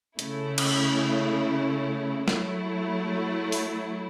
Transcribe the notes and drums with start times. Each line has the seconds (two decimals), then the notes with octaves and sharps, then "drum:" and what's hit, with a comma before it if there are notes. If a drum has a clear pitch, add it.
0.19 C#3 A3 E4, drum: hi-hat
0.58 drum: cymbal
2.28 F#3 A3 E4, drum: snare
3.52 drum: open hi-hat